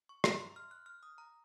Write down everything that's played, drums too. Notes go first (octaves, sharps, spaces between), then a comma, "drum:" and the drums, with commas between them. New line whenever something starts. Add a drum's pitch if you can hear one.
C#6
A#5, drum: rim click
C6
F6
F#6
F6
D#6
A#5